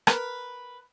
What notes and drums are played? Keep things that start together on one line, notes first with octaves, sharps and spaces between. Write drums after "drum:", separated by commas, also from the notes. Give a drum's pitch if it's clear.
A#4 B4, drum: rim click